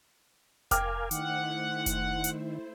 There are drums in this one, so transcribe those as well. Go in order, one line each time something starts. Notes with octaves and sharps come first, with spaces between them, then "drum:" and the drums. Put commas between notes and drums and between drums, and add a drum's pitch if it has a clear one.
A#4 F5 G5 G#5 D6 F6, drum: kick F1, hi-hat
D#3 A3 E4 C5 F#5, drum: hi-hat
drum: kick F1, hi-hat
drum: hi-hat